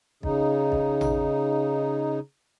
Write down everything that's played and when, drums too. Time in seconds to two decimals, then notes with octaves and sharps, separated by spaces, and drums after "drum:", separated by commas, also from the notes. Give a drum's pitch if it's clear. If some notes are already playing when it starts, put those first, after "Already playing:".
0.23 C#3 D#4, drum: kick
0.72 drum: kick
1.01 drum: tom A1